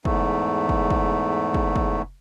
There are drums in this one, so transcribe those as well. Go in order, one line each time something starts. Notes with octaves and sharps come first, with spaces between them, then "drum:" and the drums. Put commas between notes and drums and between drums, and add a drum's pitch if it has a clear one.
E2 G#2 A3, drum: kick
drum: kick
drum: kick
drum: kick
drum: kick